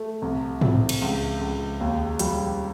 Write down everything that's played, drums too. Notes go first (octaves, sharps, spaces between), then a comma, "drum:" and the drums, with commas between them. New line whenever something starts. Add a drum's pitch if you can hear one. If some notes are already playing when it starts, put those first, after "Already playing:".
Already playing: A3
C2
C4, drum: tom G#2
drum: cymbal
C#2
C#2
D#2
G3, drum: hi-hat